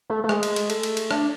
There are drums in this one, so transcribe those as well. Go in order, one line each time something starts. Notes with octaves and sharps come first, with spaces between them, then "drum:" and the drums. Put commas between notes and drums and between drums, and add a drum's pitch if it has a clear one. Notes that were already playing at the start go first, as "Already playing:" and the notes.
A3
A3
G#3, drum: rim click
drum: cymbal
drum: cymbal
A3, drum: cymbal
drum: cymbal
drum: cymbal
D4, drum: rim click